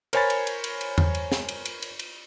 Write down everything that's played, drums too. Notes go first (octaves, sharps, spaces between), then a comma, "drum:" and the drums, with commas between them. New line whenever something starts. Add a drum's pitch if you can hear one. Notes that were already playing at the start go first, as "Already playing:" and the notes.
A#4 C5 C#5 G#5 B5 A6, drum: cymbal
drum: cymbal
drum: cymbal
drum: cymbal
drum: cymbal
drum: tom E2
drum: cymbal
drum: snare
drum: cymbal
drum: cymbal
drum: cymbal
drum: cymbal